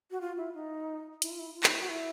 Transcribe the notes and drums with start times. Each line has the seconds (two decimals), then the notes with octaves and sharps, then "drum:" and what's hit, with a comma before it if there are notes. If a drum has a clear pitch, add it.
0.11 F#4
0.21 F4
0.37 E4
0.54 D#4
1.22 E4, drum: hi-hat
1.31 F4
1.39 E4
1.55 F4
1.63 D#4, drum: clap
1.72 E4
1.81 F#4
1.89 E4